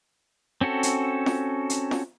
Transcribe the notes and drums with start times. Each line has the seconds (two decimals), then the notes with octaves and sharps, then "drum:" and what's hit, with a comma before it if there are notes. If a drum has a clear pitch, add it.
0.61 C4 C#4 F#4 A4
0.83 drum: hi-hat
1.26 drum: snare F4
1.70 drum: hi-hat
1.91 drum: snare F4